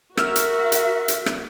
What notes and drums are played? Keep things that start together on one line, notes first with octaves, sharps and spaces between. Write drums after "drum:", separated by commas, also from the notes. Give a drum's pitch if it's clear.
F#4 A#4 E5 E6 F6, drum: rim click
drum: hi-hat
drum: hi-hat
drum: hi-hat
drum: rim click